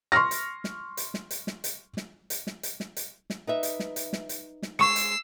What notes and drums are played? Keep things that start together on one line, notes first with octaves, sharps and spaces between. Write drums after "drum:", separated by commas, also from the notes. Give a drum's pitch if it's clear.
C6 C#6 F6 A#6
drum: hi-hat
drum: snare
drum: hi-hat
drum: snare
drum: hi-hat
drum: snare
drum: hi-hat
drum: snare
drum: hi-hat
drum: snare
drum: hi-hat
drum: snare
drum: hi-hat
drum: snare
D#4 B4 E5
drum: hi-hat
drum: snare
drum: hi-hat
drum: snare
drum: hi-hat
drum: snare
G#3 C#6 E6 C7 C#7
drum: hi-hat